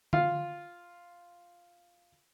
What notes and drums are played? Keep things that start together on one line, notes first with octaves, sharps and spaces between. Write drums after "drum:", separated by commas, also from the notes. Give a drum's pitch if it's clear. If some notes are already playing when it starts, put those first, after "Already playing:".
F4 F5, drum: tom D3